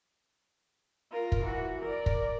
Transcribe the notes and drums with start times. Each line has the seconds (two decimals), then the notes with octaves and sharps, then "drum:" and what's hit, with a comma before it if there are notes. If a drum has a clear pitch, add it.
1.11 F4 A#4
1.32 drum: kick
1.43 E3 F#4
1.81 A#4 D5
2.06 drum: kick